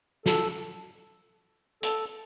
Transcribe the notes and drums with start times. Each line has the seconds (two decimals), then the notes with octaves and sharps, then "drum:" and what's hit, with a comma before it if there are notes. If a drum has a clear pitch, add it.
0.26 A4, drum: snare
1.83 A4, drum: hi-hat